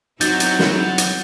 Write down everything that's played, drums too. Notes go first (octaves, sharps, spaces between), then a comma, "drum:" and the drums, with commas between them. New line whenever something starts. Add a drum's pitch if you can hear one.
F#3 C4 D#4 E4 F#4 G6 A6, drum: hi-hat
drum: hi-hat
drum: snare
drum: hi-hat